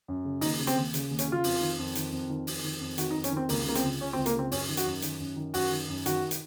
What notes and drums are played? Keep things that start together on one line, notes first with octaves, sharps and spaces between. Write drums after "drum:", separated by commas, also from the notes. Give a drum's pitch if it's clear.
F#2
C#3
D#2 D#4, drum: open hi-hat
C#3
C4, drum: hi-hat
D#2
C#3, drum: hi-hat
D#2
C#4, drum: hi-hat
C#3 F4
F2, drum: open hi-hat
D#3
F2
D#3, drum: hi-hat
F2
D#3
F2, drum: open hi-hat
D#3
F2
D#3 F#4, drum: hi-hat
D#4
F2
C#4, drum: hi-hat
D#3 C4
C#2 A#3, drum: open hi-hat
C#3 A#3
C4, drum: hi-hat
C#2
C#3 C#4
C4
C#2
A#3, drum: hi-hat
C#3 C4
F#2 C#4, drum: open hi-hat
D#3
F#4, drum: hi-hat
F#2
D#3, drum: hi-hat
F#2
D#3
F#2 F#4, drum: open hi-hat
D#3
F#2
D#3 F#4, drum: hi-hat
drum: hi-hat